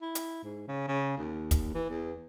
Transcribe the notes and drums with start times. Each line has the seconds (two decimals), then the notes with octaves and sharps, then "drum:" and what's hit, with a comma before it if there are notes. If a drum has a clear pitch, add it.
0.01 E4
0.15 drum: hi-hat
0.43 G#2
0.68 C#3
0.88 C#3
1.17 D#2
1.51 drum: kick, hi-hat
1.74 E3
1.90 E2